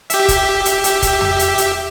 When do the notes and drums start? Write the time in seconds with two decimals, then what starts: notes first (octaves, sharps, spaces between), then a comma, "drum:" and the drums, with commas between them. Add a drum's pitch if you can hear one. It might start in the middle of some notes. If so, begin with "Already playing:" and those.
0.10 G4 E5, drum: hi-hat
0.28 drum: kick D#1, hi-hat
0.65 drum: hi-hat
0.84 drum: hi-hat
1.02 drum: kick D#1, hi-hat
1.21 drum: tom F2
1.39 drum: hi-hat
1.58 drum: hi-hat